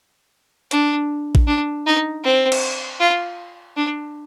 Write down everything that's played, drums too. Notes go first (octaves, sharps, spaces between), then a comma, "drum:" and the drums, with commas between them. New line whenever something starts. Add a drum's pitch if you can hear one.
D4, drum: hi-hat
drum: kick A1
D4
D#4
C4
drum: cymbal
F4
D4